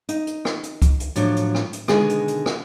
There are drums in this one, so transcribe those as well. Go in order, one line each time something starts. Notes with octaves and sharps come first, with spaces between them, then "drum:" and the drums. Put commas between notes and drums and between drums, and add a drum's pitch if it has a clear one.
D#4, drum: hi-hat
drum: hi-hat
drum: rim click
drum: hi-hat
drum: kick C#2, hi-hat
drum: hi-hat
A2 F3 F#3 D4, drum: hi-hat
drum: hi-hat
drum: rim click
drum: hi-hat
B2 D3 D#3 G#3 G#4 G#5, drum: rim click
drum: hi-hat
drum: hi-hat
drum: rim click